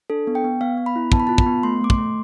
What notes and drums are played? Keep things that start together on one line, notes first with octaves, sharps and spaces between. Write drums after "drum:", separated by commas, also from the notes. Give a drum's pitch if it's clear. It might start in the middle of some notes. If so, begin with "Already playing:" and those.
D4 A4
B3
G5
B3
B3 F5
B3
B5
E4
B3 A5, drum: kick
B5
F4 A5
B5, drum: kick
B3
A3 C6
A3 D6
C6, drum: kick
A3